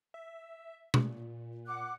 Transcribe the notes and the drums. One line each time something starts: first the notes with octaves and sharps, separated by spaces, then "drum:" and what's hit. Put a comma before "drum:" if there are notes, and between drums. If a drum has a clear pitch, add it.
E5
A#2, drum: tom B2
F#5 D6 F#6